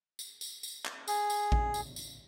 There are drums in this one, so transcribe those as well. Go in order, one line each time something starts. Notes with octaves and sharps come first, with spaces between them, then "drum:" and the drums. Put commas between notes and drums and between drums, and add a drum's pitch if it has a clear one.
drum: tambourine
drum: tambourine
drum: tambourine
drum: clap
G#4, drum: tambourine
drum: tambourine
drum: kick A1
drum: tambourine
drum: tambourine